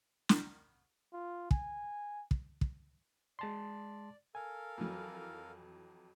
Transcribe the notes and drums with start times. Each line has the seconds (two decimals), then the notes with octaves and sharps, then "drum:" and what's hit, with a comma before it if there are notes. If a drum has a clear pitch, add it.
0.29 drum: snare
1.13 F4
1.51 G#5, drum: kick
2.31 drum: kick
2.61 drum: kick
3.39 G#3 D5 A5 C6
4.35 A4 A#4 F5 G#5
4.78 F2 E3 F#3